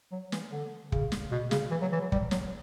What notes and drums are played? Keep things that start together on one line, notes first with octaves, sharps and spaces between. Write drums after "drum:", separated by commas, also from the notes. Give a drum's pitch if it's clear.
F#3
E3, drum: snare
D3
C#3, drum: kick
drum: snare
B2
C#3, drum: snare
E3
F#3
E3
F#3
G3, drum: kick
F#3, drum: snare